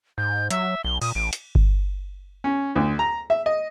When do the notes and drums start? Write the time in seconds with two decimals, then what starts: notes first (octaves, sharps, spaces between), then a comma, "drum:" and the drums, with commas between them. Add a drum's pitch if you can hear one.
0.18 G#2 G6
0.51 F#3 E5, drum: hi-hat
0.84 B1 G7
1.02 A#2 D#6, drum: cymbal
1.15 A1 D7
1.33 drum: hi-hat
1.55 drum: kick G1
2.44 C#4
2.76 D2
2.99 A#5
3.30 E5
3.46 D#5